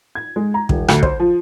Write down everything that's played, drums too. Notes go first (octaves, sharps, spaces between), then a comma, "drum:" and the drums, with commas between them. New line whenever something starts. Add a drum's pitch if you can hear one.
G#6
G#3
A#5
D#1, drum: kick
D2, drum: rim click
C5, drum: kick
F3